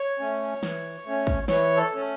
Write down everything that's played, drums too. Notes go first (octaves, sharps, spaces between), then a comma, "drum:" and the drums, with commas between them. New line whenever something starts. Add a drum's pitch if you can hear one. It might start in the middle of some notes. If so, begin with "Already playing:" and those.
Already playing: C#5
A3 C#4
E3, drum: snare
A3 C#4
drum: kick
E3 C#5, drum: snare
A4
A3 C#4